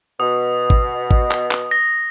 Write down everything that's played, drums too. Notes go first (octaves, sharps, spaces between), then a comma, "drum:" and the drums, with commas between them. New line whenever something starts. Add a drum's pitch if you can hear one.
B2 D#6
drum: kick G#1
drum: kick G#1
drum: clap
drum: clap
A#6